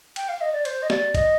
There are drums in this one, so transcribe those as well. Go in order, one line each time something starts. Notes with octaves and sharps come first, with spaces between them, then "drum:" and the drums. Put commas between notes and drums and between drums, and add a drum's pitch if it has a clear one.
G5, drum: cymbal
F5
D#5
D5
C5, drum: cymbal
D#5
D5, drum: snare
D#5, drum: kick, cymbal